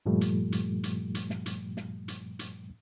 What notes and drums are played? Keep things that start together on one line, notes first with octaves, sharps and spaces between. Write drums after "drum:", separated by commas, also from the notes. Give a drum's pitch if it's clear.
G2 A#2 F3 G3 A3
drum: hi-hat
drum: hi-hat
drum: hi-hat
drum: hi-hat
drum: snare
drum: hi-hat
drum: snare
drum: hi-hat
drum: hi-hat